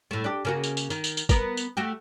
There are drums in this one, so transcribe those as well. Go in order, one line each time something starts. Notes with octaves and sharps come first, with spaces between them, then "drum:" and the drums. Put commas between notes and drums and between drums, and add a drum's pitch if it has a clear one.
A2 A3
D4 G4
C#3 A#3 F#4
drum: tambourine
drum: tambourine
D#3, drum: tambourine
drum: tambourine
drum: tambourine
B3 A#4, drum: kick, tambourine
drum: tambourine
A3 F#4 G4